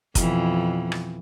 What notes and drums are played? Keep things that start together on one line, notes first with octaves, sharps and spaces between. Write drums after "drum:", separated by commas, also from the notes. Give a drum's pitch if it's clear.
F2 B2 E3, drum: kick, hi-hat
drum: rim click